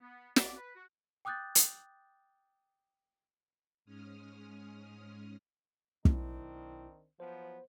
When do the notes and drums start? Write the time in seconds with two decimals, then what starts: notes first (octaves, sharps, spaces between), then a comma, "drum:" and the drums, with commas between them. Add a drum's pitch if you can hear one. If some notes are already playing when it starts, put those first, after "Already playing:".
0.01 B3
0.36 D5, drum: snare
0.56 B4
0.75 F#4
1.25 G5 D6 D#6 F#6 G6 A6
1.55 drum: hi-hat
3.85 G#2 G#3 C#4 D#6 F6
6.05 B1 D#3 C4 D4 E4, drum: kick
7.20 F3 F#3 B3 C5